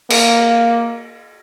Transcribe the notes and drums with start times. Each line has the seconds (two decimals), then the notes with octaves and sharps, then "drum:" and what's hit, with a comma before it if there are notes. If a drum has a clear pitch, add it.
0.10 A#3, drum: cymbal